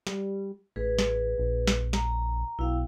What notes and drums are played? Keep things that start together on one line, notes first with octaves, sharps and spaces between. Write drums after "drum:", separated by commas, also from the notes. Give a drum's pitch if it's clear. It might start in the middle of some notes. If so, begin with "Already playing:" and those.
G3, drum: snare
A1 G#4 B4
drum: snare
A#1
drum: snare
A#5, drum: snare
B1 E4 F5 G5